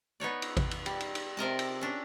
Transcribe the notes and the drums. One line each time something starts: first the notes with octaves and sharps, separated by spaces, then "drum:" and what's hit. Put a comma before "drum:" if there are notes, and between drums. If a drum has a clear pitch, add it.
B3 D#4 C#5 D5
drum: cymbal
drum: kick A1, cymbal
drum: cymbal
G3, drum: cymbal
drum: cymbal
drum: cymbal
C3 A#4 D#5 A5
drum: cymbal
C#4 D4